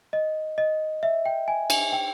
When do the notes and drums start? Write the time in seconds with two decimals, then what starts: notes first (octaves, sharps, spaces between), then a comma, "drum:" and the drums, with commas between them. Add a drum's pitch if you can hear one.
0.13 D#5
0.58 D#5
1.03 E5
1.26 G5
1.48 G#5
1.70 G#5, drum: cymbal
1.93 G5